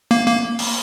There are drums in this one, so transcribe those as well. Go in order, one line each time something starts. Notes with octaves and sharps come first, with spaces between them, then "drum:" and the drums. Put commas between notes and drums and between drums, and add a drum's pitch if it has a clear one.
A#3
A#3
drum: open hi-hat